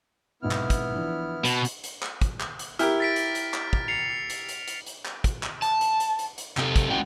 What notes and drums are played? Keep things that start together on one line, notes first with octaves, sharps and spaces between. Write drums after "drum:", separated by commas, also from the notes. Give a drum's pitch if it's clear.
B1 G#2 C3 B3 E4 F6
drum: clap
drum: kick, hi-hat
E3 F3 D4
B2 A5, drum: hi-hat
drum: hi-hat
drum: hi-hat
drum: clap
drum: kick, hi-hat
drum: clap
drum: hi-hat
E4 G4 A#4 F6, drum: hi-hat
A6 B6 D7
drum: hi-hat
drum: hi-hat
drum: clap
drum: kick
C7 C#7 F7
drum: hi-hat
drum: hi-hat
drum: hi-hat
drum: hi-hat
drum: clap
drum: kick, hi-hat
drum: clap
A5, drum: hi-hat
drum: hi-hat
drum: hi-hat
drum: hi-hat
drum: hi-hat
C3 C4 G4 A4, drum: clap
drum: kick, hi-hat
G#3 C#4 F#4 D#5 F#5 G5